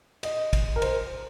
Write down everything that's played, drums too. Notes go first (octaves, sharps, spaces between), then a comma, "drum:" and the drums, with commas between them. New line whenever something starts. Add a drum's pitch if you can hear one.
D#5, drum: cymbal
drum: kick, cymbal
A#4
C5, drum: cymbal